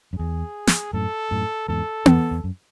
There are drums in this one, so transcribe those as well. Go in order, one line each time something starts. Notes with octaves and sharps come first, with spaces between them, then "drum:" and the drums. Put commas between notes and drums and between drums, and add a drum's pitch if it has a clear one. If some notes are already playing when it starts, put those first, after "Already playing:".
F#2
E2 G#4
drum: snare
F#2 A2 A4
F#2 A2
E2 G#2 A4
E2, drum: tom B3
E2
F#2